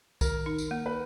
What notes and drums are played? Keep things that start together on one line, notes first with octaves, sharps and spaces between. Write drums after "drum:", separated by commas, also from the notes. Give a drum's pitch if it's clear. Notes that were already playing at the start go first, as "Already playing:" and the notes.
D#3 A#4, drum: kick, tambourine
D#4
drum: tambourine
A#3
B4